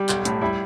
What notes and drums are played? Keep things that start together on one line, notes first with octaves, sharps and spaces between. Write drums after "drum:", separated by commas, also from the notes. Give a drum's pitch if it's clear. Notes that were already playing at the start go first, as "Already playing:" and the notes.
Already playing: G3 G4
B1, drum: clap
A2, drum: hi-hat
G3 E4